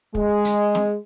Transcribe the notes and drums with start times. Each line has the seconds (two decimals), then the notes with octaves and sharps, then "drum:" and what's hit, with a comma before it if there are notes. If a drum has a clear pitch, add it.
0.15 G#3, drum: kick
0.45 drum: hi-hat
0.75 drum: snare